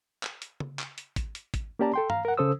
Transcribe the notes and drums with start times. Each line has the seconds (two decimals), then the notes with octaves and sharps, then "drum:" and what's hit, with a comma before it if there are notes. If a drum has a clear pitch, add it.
0.23 drum: clap
0.42 drum: hi-hat
0.60 drum: tom C#3
0.79 drum: clap
0.98 drum: hi-hat
1.16 drum: kick G#1, hi-hat
1.35 drum: hi-hat
1.54 drum: kick G#1, hi-hat
1.79 A#3 C#4 G4 D5 A5 A#5
1.94 A4 G5 C6
2.10 F5 A#5, drum: tom G2
2.25 A#4 F#5
2.37 C#3 C#4 A4 C5 D#6 E6